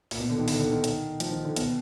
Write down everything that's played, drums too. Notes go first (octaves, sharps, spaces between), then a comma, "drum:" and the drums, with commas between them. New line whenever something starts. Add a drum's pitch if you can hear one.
A#2, drum: open hi-hat
B2
D3
D#3
D3, drum: open hi-hat
D3
D#3
drum: hi-hat
F3, drum: hi-hat
D#3
D3
B2, drum: hi-hat